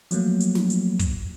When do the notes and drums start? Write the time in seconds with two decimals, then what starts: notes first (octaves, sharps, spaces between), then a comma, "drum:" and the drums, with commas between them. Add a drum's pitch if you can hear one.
0.11 F3 F#3 A3 A#3, drum: hi-hat
0.40 drum: hi-hat
0.55 drum: snare
0.70 drum: hi-hat
0.99 drum: kick, hi-hat